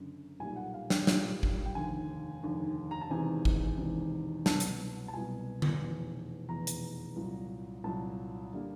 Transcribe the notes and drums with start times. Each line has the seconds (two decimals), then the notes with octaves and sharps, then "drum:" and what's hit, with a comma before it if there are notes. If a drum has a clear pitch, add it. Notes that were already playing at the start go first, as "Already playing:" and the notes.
Already playing: F#1 F#2 D3
0.40 B1 A#2 G3 A#3 G#5
0.56 F#5
0.74 F5
0.90 G5, drum: snare
1.07 B1 A#2 G3 A#3, drum: snare
1.43 drum: kick G#1
1.66 G5
1.75 F1 D#2 D3 G#5
2.43 F1 D#2 D3
2.91 A#5
3.01 A5
3.10 E1 E2 C3 D#3 G#5
3.45 drum: kick G#1
3.78 E1 E2 C3 D#3
4.46 C2 B2 F#3 A5, drum: snare
4.60 drum: hi-hat
5.08 A5
5.13 C2 B2 F#3 G#5
5.62 drum: tom D3
5.81 F1 E2 B2
6.48 F1 E2 B2 A#5
6.67 drum: hi-hat
7.16 C2 A#2 F#3
7.84 C2 A#2 F#3 A5
8.53 D3 G3 A#3